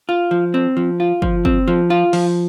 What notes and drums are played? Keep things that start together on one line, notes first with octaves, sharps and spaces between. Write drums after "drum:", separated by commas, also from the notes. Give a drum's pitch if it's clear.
F4
F3
C4
F3
F4
F3, drum: kick
C4, drum: kick
F3
F4
F3, drum: open hi-hat